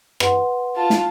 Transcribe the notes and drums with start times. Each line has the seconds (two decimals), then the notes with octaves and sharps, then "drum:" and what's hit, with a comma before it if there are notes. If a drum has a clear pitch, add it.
0.20 B4 F#5 C6, drum: rim click
0.76 F4 A5
0.90 drum: snare